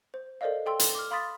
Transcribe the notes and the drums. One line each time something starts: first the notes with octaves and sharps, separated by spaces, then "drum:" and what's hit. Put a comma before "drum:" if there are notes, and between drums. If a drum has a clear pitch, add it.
C5
A4 A#4 C5 D5 D#5 F5
A4 G5 C6 E6
drum: hi-hat
D6 F6
F5 B5 C6 D#6 A6 B6